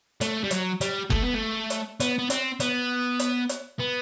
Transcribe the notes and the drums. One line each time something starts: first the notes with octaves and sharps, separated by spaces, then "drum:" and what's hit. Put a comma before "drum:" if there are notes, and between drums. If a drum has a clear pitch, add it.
A3, drum: hi-hat
G3
F#3, drum: hi-hat
G3, drum: hi-hat
A3, drum: kick F#1
B3
A3
drum: hi-hat
B3, drum: hi-hat
B3
C4, drum: hi-hat
B3, drum: hi-hat
drum: hi-hat
drum: hi-hat
B3